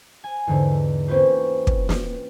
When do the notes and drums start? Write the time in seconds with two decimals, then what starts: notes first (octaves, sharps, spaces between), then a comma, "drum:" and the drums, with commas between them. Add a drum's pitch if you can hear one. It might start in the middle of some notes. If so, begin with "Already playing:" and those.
0.24 G#5
0.47 E2 G#2 D3
1.08 A#3 C4 C#4 F4 B4 C5
1.67 drum: kick
1.89 drum: snare